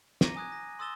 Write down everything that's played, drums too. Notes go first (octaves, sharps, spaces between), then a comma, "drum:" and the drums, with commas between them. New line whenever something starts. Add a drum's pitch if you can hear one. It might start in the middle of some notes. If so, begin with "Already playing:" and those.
A#5 D6 A#6 D#7, drum: snare
G#5 D#6 F#6 G#6
A#6
C6 D#6 E6 A6 E7 G7